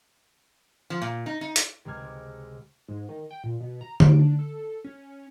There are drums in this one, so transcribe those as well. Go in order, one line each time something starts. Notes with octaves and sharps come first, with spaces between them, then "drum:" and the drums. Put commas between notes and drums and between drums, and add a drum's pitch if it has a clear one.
F3
A#2
D#4
D#4
drum: hi-hat
C#2 C3 G#3 D6 F6 G#6
G#2
D#3
G5
A#2
B2
A#5
D7, drum: tom D3
D4
A4
C#4